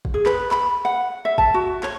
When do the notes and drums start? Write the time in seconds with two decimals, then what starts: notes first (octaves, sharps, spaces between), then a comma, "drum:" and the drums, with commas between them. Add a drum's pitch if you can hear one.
0.05 drum: kick
0.14 G#4
0.26 B4, drum: clap
0.51 B5, drum: clap
0.85 F#5
1.25 E5
1.38 A5, drum: kick
1.54 F#4
1.83 C#5, drum: clap